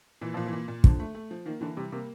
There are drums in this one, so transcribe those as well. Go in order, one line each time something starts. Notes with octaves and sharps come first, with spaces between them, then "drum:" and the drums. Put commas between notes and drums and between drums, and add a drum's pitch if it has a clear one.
A#2 E3
A#2 F3
E3
A#2
A#2
D3 F3, drum: kick
A3
A3
F3
D#3 A#3
D3 E3
C3 G3
C3 A#3